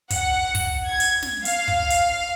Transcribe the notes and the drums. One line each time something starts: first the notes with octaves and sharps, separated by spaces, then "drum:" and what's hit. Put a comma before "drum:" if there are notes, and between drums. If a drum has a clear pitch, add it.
F#5, drum: kick, hi-hat
drum: kick, open hi-hat
G#6
drum: hi-hat
drum: snare
F5, drum: hi-hat
drum: kick
drum: hi-hat